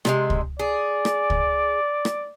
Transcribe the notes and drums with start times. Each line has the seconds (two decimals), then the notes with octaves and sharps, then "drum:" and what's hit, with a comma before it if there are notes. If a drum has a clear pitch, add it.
0.05 C3 F#3 G#3, drum: rim click
0.30 drum: kick
0.59 G#4 D5
1.05 drum: rim click
1.30 drum: kick
2.05 drum: rim click